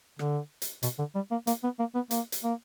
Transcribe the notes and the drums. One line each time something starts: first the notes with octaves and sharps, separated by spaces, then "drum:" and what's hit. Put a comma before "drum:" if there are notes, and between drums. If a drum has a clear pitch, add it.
D3, drum: rim click
drum: hi-hat
B2, drum: hi-hat
D3
G3
A#3
A#3, drum: hi-hat
B3
A#3
B3
A#3, drum: hi-hat
drum: hi-hat
A#3